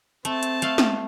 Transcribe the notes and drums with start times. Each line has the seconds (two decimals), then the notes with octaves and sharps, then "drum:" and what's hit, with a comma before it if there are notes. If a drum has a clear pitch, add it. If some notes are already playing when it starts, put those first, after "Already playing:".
0.25 A3 C4 A5, drum: hi-hat
0.43 drum: hi-hat
0.62 A3 F5, drum: hi-hat
0.78 drum: snare